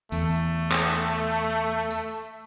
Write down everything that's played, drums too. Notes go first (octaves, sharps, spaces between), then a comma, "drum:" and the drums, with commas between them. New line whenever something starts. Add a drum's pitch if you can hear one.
E2 A3, drum: tambourine
drum: clap
drum: tambourine
drum: tambourine